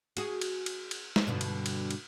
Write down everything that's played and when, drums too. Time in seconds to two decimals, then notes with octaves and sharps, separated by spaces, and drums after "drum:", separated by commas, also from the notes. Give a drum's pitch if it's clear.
0.17 F#4 G#4, drum: cymbal
0.41 drum: cymbal
0.66 drum: cymbal
0.91 drum: cymbal
1.16 drum: snare
1.27 G2 B2 D3
1.41 drum: cymbal
1.66 drum: cymbal
1.91 drum: cymbal